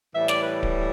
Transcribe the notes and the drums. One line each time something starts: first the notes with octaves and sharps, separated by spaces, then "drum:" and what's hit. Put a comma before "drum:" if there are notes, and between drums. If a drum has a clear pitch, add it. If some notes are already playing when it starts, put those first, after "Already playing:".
A2 E3 G3 E4 E5
D5, drum: snare
B4
drum: kick D1